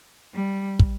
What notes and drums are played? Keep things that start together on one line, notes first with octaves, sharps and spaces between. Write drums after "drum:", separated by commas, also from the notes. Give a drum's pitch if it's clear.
G3
drum: kick